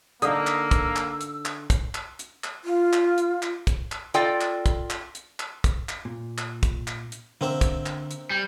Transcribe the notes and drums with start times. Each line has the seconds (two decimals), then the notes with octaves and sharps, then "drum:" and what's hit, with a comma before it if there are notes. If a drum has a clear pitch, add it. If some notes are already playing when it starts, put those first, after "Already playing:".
0.22 D3 A#3 D#4 D#6 E6, drum: hi-hat
0.47 drum: clap
0.71 drum: kick, hi-hat
0.96 drum: clap
1.21 drum: hi-hat
1.45 drum: clap
1.70 drum: kick, hi-hat
1.95 drum: clap
2.19 drum: hi-hat
2.44 drum: clap
2.65 F4
2.93 drum: clap
3.18 drum: hi-hat
3.42 drum: clap
3.67 drum: kick, hi-hat
3.92 drum: clap
4.14 F4 A4 D5 D#5 G5, drum: hi-hat
4.41 drum: clap
4.66 drum: kick, hi-hat
4.90 drum: clap
5.15 drum: hi-hat
5.40 drum: clap
5.64 drum: kick, hi-hat
5.89 drum: clap
6.05 A#2
6.38 drum: clap
6.63 drum: kick, hi-hat
6.87 drum: clap
7.12 drum: hi-hat
7.41 D3 A#3 C4 E5
7.61 drum: kick, hi-hat
7.86 drum: clap
8.11 drum: hi-hat
8.30 G3